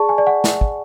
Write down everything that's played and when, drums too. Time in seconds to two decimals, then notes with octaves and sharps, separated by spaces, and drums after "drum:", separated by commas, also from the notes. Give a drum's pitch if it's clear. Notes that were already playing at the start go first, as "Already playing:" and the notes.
Already playing: G#4 D5 A5 C#6
0.09 G#5
0.18 D5
0.27 F#5
0.44 drum: snare
0.61 drum: kick